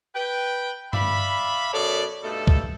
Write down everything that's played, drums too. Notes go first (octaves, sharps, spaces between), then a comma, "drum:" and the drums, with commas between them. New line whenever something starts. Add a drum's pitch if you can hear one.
B4 G5
D5 E5 F5 B5, drum: tom G2
F#2 B2 A4 C#5 D5
G2 B2 A3 D#4 A4
drum: kick C2